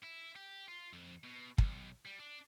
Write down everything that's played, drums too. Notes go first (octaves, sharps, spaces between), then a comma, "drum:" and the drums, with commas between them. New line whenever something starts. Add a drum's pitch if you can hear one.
E4
G4
F4
F2
B2
B1, drum: kick
G3
D4